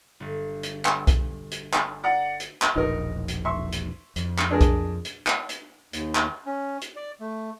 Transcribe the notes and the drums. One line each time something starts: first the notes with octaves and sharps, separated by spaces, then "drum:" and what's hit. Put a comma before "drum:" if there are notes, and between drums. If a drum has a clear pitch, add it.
G1
drum: hi-hat
drum: clap
drum: kick B1, hi-hat
drum: hi-hat
drum: clap
D5 F#5 A#5
drum: hi-hat
drum: clap
E1 A#1 D#4 A#4
drum: hi-hat
E5 C6 C#6
drum: hi-hat
F2, drum: hi-hat
drum: clap
D4 G#4 A#4
drum: kick B1, hi-hat
drum: hi-hat
drum: clap
drum: hi-hat
D#2, drum: hi-hat
drum: clap
C#4
drum: hi-hat
D5
A3